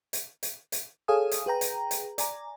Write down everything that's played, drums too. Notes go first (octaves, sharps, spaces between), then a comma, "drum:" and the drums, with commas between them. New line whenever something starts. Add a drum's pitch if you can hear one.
drum: hi-hat
drum: hi-hat
drum: hi-hat
G#4 A4 C#5 F5 G#5 D#6
drum: hi-hat
G#4 B4 G5 A#5
drum: hi-hat
drum: hi-hat
D5 G#5 A#5, drum: hi-hat